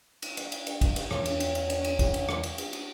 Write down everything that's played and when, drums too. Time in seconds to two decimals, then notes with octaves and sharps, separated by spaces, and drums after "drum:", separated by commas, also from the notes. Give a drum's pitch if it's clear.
0.22 drum: cymbal
0.37 drum: cymbal
0.52 drum: cymbal
0.67 drum: cymbal
0.81 drum: kick, cymbal
0.96 drum: cymbal
1.11 E2 E3 F3 C#4, drum: rim click
1.26 drum: cymbal
1.40 drum: cymbal
1.55 drum: cymbal
1.70 drum: cymbal
1.84 drum: cymbal
1.99 drum: kick, cymbal
2.14 drum: cymbal
2.29 drum: rim click
2.43 drum: cymbal
2.58 drum: cymbal
2.73 drum: cymbal